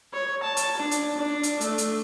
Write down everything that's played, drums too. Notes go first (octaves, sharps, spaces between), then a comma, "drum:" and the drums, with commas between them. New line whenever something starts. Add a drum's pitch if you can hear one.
C#5
A5
drum: hi-hat
D4
drum: hi-hat
D4
drum: hi-hat
A3, drum: hi-hat
drum: hi-hat